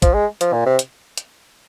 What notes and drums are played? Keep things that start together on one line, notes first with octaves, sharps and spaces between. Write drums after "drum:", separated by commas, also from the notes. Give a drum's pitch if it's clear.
F3, drum: kick, hi-hat
G#3
F3, drum: hi-hat
A#2
C3
drum: hi-hat
drum: hi-hat